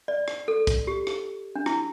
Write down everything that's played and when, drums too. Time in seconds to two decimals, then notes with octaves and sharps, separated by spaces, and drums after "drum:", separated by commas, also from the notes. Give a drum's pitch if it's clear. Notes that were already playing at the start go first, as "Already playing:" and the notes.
0.08 D5
0.28 drum: rim click
0.48 A4
0.67 drum: kick, hi-hat
0.87 G4
1.07 drum: rim click
1.55 D4
1.66 E4, drum: rim click